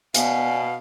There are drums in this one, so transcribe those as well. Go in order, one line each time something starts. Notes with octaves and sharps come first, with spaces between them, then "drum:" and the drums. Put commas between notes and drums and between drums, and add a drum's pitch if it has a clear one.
B2 B3 D5 F5 G#5, drum: hi-hat